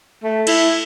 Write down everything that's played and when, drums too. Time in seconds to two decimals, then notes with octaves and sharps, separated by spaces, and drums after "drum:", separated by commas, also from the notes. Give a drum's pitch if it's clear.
0.23 A3
0.47 E4, drum: cymbal